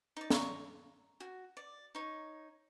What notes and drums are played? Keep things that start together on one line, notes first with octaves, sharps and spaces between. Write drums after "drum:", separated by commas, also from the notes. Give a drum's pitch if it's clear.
D#4 D5
A#5 C#6, drum: snare
F#4
D5
D#4 C#5